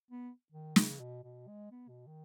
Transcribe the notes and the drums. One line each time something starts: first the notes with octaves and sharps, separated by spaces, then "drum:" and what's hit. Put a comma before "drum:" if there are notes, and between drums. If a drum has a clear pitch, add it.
B3
D#3
C#3, drum: snare
B2
B2
G#3
B3
B2
D#3